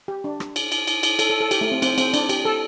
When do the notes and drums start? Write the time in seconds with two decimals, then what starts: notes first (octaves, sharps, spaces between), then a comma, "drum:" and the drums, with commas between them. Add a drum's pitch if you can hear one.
0.08 G4
0.24 D4
0.40 drum: rim click
0.56 drum: cymbal
0.72 drum: cymbal
0.87 drum: cymbal
1.03 drum: cymbal
1.19 A4, drum: cymbal
1.30 A4
1.40 A4
1.51 G4, drum: cymbal
1.61 A3
1.72 C4
1.82 C4, drum: cymbal
1.98 C4, drum: cymbal
2.14 D4, drum: cymbal
2.29 G4, drum: cymbal
2.45 A4